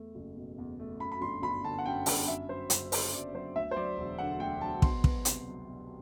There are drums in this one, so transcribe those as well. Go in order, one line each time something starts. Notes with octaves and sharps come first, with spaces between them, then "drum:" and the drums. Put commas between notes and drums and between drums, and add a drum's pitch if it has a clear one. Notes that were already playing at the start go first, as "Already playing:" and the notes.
Already playing: E2 A3
F#1
B2
E2
A3
F#2 B5
B5
G1 C6
G1 B5
D3 A5
F#5
F#2 G5
G1 F#5, drum: open hi-hat
F#2 E5
F#3 C5
F#1 C5, drum: hi-hat
D3 C5, drum: open hi-hat
F#2 D5
F#3 C5
D2 E5
C5
F#3 D5
E1
D3 F#5
D2 G5
F#3 A5
B2 C6, drum: kick
B3, drum: kick
C2, drum: hi-hat
F#3
B2